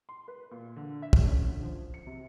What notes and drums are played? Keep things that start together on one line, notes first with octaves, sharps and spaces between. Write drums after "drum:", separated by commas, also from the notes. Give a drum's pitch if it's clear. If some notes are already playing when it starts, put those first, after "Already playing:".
C6
B4
A#2
D3
E5
drum: kick
C#4
D3
F3
C#7
C3